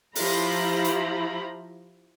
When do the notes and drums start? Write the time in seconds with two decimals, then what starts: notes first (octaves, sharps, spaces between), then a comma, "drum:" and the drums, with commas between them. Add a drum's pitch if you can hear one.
0.15 F3 E4 F4 G4 A#5 B5, drum: open hi-hat
0.84 drum: hi-hat